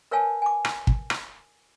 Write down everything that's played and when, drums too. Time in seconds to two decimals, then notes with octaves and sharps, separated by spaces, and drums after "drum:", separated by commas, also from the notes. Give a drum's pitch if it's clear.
0.11 A#4 B4 C#5 F5 G#5 A5
0.42 G#5 D6
0.65 drum: rim click
0.87 drum: kick
1.10 drum: rim click